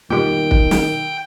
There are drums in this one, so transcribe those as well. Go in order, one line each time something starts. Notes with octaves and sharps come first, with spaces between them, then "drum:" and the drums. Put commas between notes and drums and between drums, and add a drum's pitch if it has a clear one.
B2 D#3 G3 A#3 F4 G4 G5
drum: kick
drum: snare